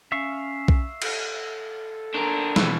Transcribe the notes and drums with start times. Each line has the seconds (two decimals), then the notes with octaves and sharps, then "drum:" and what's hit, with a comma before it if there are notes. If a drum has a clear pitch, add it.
0.12 C#4 E5 F5 C#6
0.68 drum: kick B1
1.02 A4, drum: cymbal
2.15 D4 A#4
2.56 B2 E3 F3 G3 C4, drum: snare